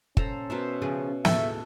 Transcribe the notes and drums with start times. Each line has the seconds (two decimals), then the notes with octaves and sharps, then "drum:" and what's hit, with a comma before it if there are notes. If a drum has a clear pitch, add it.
0.17 A#2 C#4 A4 C5 A#5, drum: kick
0.50 B2 B3 A#4 C5 E5
0.82 C#3 F3 G#4
1.25 D#2 A2 C#3 A4 E5, drum: snare